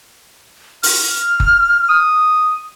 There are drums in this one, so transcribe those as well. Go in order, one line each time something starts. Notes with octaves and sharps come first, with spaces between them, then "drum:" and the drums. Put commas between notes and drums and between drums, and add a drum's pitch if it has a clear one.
F6, drum: open hi-hat
drum: kick F#1
D#6